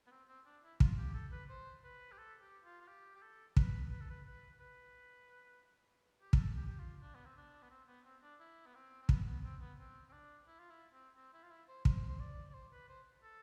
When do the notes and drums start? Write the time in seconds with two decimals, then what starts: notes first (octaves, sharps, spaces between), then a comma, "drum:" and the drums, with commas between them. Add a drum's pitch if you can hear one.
0.07 B3
0.11 C4
0.28 C4
0.46 D4
0.63 E4
0.80 F4, drum: kick
0.98 G4
1.14 A4
1.32 B4
1.49 C5
1.84 B4
2.12 G4
2.18 A4
2.41 G4
2.64 F4
2.81 F4
2.87 G4
3.15 G4
3.22 A4
3.57 B4, drum: kick
3.91 B4
4.01 A4
4.10 B4
4.26 B4
4.60 B4
6.21 G4
6.33 A4, drum: kick
6.56 G4
6.67 G4
6.79 F4
7.02 D4
7.14 B3
7.25 C4
7.36 D4
7.62 B3
7.71 C4
7.88 B3
8.05 C4
8.23 D4
8.40 E4
8.66 B3
8.75 C4
9.02 C4
9.09 B3, drum: kick
9.26 B3
9.44 C4
9.61 B3
9.78 C4
10.09 C4
10.13 D4
10.47 E4
10.59 F4
10.70 E4
10.93 C4
11.16 C4
11.34 E4
11.43 F4
11.50 E4
11.68 C5
11.85 C5, drum: kick
12.08 C5
12.20 D5
12.50 D5
12.54 C5
12.72 B4
12.89 C5
13.23 A4